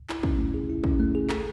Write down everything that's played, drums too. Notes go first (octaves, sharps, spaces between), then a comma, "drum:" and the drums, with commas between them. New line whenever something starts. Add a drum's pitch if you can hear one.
E4, drum: clap
C#4, drum: kick
A3
G#4
E4
C#4, drum: kick
A3
G#4
A4, drum: clap